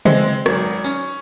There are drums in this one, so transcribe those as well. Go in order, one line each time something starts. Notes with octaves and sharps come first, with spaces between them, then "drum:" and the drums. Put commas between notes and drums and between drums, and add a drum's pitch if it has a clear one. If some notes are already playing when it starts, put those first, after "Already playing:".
G#3 C4, drum: tom C#3
G#1 F#3, drum: rim click
C#4, drum: tambourine